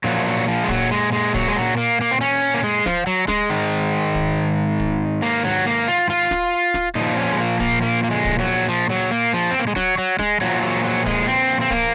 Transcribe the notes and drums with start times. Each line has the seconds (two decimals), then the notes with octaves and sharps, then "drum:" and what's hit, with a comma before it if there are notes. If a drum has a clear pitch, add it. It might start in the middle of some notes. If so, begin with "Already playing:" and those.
0.04 A#2 F3 F#3
0.26 F#3
0.48 F3
0.64 G#3
0.69 F#3, drum: kick D1
0.91 G#3
1.12 G#3
1.34 F#3, drum: kick D1
1.48 G#3
1.56 F#3
1.77 A#3
2.01 A#3
2.11 C4
2.21 C#4
2.54 A#3
2.64 G#3
2.86 F3, drum: snare
3.07 F#3
3.28 G#3, drum: snare
3.50 G#2 D#3
4.15 drum: kick D1
4.80 drum: kick D1
5.22 A#3
5.44 F#3
5.67 A#3
5.88 F4
6.10 F4
6.31 drum: snare
6.74 drum: snare
6.95 A#2 F3 D#4
7.17 C#4
7.33 G#3
7.39 A#3
7.60 A#3, drum: kick D1
7.82 A#3
8.04 A#3
8.11 G#3
8.25 drum: kick D1
8.39 F#3
8.69 F3
8.90 F#3
9.11 A#3
9.34 F3
9.51 C4
9.59 A#3
9.67 G#3
9.76 F#3, drum: snare
9.98 F#3
10.19 G#3, drum: snare
10.41 A#2 F3 F#3
10.62 F#3
10.84 F#3
11.06 G#3, drum: kick D1
11.28 C4
11.61 C4
11.71 A#3, drum: kick D1